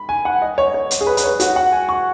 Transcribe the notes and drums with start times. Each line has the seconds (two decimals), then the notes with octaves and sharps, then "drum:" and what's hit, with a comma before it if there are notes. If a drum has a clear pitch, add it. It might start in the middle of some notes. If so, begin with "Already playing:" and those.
Already playing: B5
0.09 G#5
0.25 F#5
0.42 D#5
0.58 C#5
0.74 C#5
0.91 drum: hi-hat
1.01 G#4
1.07 B4
1.17 B4, drum: hi-hat
1.23 C#5
1.40 F#4, drum: hi-hat
1.56 F#5
1.72 G#5
1.89 C#6